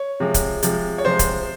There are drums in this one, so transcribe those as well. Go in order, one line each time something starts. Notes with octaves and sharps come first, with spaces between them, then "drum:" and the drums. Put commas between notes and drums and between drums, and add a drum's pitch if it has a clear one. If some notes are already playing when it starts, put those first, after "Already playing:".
Already playing: C#5
C3 F3 G#3
drum: kick C#1, hi-hat
C3 F3 G#3, drum: hi-hat
C#5
C3 F3 G#3 C5
drum: kick C#1, hi-hat